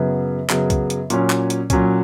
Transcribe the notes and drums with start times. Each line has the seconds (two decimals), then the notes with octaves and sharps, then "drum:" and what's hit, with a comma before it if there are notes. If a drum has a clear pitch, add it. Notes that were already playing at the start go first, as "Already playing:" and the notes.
Already playing: F#2 C#3 F#3 B3
0.50 F#2 C#3 F#3 B3, drum: clap
0.70 drum: kick C2, hi-hat
0.90 drum: hi-hat
1.10 A#2 F#3 C#4, drum: hi-hat
1.30 drum: clap
1.50 drum: hi-hat
1.70 A#2 F#3 C#4, drum: kick C2, hi-hat